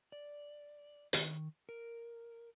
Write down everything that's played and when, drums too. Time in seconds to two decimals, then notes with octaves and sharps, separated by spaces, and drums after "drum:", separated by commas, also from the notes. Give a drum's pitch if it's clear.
0.12 D5
1.13 D#3, drum: hi-hat
1.69 A#4